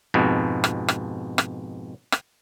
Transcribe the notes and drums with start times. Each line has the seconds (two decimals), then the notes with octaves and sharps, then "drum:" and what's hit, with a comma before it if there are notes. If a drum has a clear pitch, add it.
0.14 F2 G#2 B2
0.64 drum: rim click
0.88 drum: rim click
1.38 drum: rim click
2.12 drum: rim click